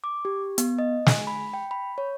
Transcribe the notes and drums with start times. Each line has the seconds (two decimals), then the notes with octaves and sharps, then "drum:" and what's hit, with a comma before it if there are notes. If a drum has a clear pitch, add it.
0.04 D6
0.25 G4
0.58 B3, drum: hi-hat
0.79 D#5
1.06 G#5, drum: snare
1.27 B5
1.53 G5
1.71 B5
1.98 C#5